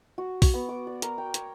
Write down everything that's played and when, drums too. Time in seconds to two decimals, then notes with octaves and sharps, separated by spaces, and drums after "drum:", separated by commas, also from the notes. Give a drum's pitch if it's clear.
0.18 F#4
0.42 F#4, drum: kick, open hi-hat
0.54 B3
0.69 D6
0.87 D5
1.02 A#4, drum: hi-hat
1.18 G5
1.34 C#5, drum: hi-hat